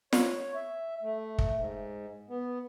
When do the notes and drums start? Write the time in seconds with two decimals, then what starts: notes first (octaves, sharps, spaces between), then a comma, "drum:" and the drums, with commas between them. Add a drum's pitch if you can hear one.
0.13 C#5, drum: snare
0.55 E5
1.02 A3
1.39 drum: kick
1.56 G#2
2.29 B3